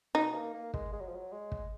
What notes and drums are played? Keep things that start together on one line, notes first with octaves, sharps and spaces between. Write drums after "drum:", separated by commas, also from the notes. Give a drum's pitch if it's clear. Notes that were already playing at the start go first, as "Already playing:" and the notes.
B2 D#4
A#3
A#3
G#3, drum: kick
G#3
F#3
F3
F#3
G#3
drum: kick